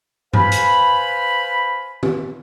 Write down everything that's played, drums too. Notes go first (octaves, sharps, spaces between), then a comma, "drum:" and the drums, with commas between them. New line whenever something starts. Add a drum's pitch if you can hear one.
B4 C5 F5 G#5 B5, drum: tom G2
drum: hi-hat
drum: tom D#3